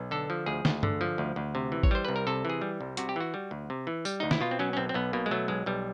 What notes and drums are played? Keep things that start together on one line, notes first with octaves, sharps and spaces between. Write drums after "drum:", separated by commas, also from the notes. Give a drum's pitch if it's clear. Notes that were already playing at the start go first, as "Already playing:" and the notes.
Already playing: B1
D3 A4
F3
D2 G#4
D2, drum: snare
D3, drum: tom G2
F3
D2
D2
C3
E3
C#5, drum: kick G#1
G3 C5
C2 B4
A#4
C3 A4
E3 G#4
G3
C2
C3 F#4, drum: hi-hat
G4
E3 F#4
G3
D2
C3
E3
G3, drum: tambourine
D2 D#4
E4, drum: snare
B2 F4
C4
F#3 C#4
C#4
B1 C4
C4
B1 B3
B2 A#3
G#3
F#3 A3
B1 G#3
B1 G3